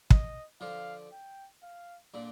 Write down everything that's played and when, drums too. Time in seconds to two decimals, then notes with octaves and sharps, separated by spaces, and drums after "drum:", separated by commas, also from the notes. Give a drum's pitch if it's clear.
0.10 D#5, drum: kick
0.61 D3 F3 F5
1.12 G5
1.62 F5
2.14 A#2 D3